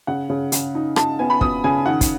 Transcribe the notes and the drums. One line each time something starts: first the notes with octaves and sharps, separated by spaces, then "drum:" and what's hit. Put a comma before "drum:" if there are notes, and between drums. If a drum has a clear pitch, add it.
C#3 F#5
C#3
C#3, drum: hi-hat
D#4
D#4 A5, drum: rim click
B3 G#5
B5
B3 D#6, drum: kick
C#3 G#5
D#3 F#5
drum: kick, hi-hat